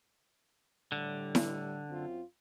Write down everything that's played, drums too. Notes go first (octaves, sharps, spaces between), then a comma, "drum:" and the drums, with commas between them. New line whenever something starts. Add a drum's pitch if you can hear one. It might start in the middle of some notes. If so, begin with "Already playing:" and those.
A2 D3 G3
drum: snare E4
F#2 C4 F4